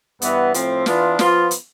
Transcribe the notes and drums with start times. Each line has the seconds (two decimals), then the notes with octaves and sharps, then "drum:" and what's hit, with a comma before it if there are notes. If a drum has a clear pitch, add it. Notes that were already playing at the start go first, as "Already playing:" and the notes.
0.22 G2 E3 B3, drum: hi-hat
0.54 A2 F3 C4, drum: hi-hat
0.86 E3 B3 D4 F4, drum: snare
1.19 F3 B3 F4, drum: snare
1.51 drum: hi-hat